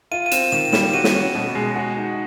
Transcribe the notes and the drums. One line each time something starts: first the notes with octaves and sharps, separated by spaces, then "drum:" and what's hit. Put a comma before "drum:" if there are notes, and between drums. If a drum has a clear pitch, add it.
F4 D#7
D#7
C4 E7, drum: hi-hat
D#3 E7
G3 E7, drum: snare
F#4 D#7
drum: snare
C#4
B2
G#3
F#4
D#4